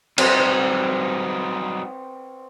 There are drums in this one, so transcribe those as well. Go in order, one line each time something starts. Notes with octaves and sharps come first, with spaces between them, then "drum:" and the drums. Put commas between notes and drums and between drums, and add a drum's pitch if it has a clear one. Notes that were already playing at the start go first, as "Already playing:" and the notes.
F#3 G3 C4 D#4 B4 C5, drum: cymbal